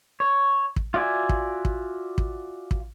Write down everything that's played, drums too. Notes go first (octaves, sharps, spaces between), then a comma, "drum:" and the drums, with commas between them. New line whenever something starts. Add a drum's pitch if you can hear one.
C#5
drum: kick
F4 F#4 D5 E5 G#5
drum: kick
drum: kick
drum: kick
drum: kick